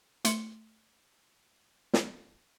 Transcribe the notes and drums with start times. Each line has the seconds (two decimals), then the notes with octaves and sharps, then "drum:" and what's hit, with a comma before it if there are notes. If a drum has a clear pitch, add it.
0.25 A3 C6 C#7, drum: hi-hat
1.93 drum: snare